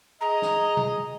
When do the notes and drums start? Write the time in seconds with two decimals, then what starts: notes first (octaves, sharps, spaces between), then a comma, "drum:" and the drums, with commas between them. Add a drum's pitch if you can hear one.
0.21 G#4 D#5 A#5
0.42 drum: snare
0.77 drum: tom B2